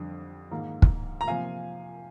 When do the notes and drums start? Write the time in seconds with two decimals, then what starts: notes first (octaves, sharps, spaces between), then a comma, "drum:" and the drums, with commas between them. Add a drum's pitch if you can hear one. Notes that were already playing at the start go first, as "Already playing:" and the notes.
Already playing: F2 D3 G3
0.51 G#2 D#3 A#3
0.82 drum: kick
1.21 A#5
1.27 C3 F3 A#3 F5 G#5